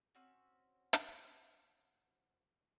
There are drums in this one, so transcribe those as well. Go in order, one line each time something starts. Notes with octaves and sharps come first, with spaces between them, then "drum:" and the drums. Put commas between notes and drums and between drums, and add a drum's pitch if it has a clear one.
C4 C#4 F#4
drum: hi-hat